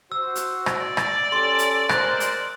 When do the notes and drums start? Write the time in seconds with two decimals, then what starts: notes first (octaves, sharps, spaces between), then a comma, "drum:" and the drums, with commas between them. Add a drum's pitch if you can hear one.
0.12 F#4 C5 E6
0.35 drum: hi-hat
0.66 drum: rim click
0.79 D5
0.97 drum: rim click
1.32 C#4 G4 A4 C6
1.59 drum: hi-hat
1.89 G#3 A#4 C5 F#6, drum: rim click
2.20 drum: hi-hat